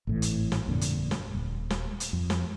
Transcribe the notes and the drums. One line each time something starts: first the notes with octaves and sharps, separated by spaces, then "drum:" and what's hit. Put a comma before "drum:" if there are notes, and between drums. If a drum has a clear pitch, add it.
G#1 A2 E3
drum: hi-hat
drum: snare
G1 F2 A#2 D3
drum: hi-hat
drum: snare
D#1
drum: snare
drum: hi-hat
F2
drum: snare